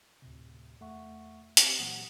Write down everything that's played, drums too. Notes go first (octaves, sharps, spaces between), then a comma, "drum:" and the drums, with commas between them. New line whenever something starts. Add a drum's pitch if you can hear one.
D2 A2 C3
E2 A3 E5 F#5 C#6
C4 G4 C5, drum: hi-hat
A#2 E3 F#3 A#3 F#5 D#6